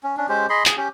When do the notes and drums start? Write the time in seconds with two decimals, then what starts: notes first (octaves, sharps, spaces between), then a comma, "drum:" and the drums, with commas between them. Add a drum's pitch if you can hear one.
0.03 C#4
0.17 C#4 D4
0.29 G#3 C#4 G4 C5
0.49 G#4 D#5 B5 C6
0.66 G#4, drum: clap
0.77 C#4 G4